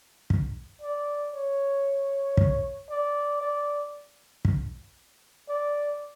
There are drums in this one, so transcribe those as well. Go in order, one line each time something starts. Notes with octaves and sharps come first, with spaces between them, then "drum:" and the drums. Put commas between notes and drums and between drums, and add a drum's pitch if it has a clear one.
drum: kick
D5
C#5
drum: kick
D5
D5
drum: kick
D5